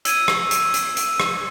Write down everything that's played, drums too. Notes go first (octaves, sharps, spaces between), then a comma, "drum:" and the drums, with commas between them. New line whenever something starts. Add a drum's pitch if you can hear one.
E6 G#6 D#7, drum: hi-hat
drum: rim click
drum: hi-hat
drum: hi-hat
drum: hi-hat
drum: rim click